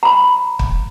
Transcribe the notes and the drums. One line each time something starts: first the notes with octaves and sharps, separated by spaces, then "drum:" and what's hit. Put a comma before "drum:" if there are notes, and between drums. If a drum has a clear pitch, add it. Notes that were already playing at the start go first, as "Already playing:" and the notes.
A#5 B5
drum: kick